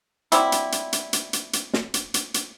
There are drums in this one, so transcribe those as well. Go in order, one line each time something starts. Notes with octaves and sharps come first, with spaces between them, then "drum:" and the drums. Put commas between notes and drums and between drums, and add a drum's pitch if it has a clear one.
F#3 G3 C4 E4, drum: hi-hat
drum: hi-hat
drum: hi-hat
drum: hi-hat
drum: hi-hat
drum: hi-hat
drum: hi-hat
drum: snare
drum: hi-hat
drum: hi-hat
drum: hi-hat